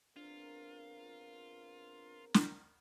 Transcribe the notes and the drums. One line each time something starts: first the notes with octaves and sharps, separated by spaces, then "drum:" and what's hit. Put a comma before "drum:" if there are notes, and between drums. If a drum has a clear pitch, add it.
E2 C4 D4 F4 A#4
drum: snare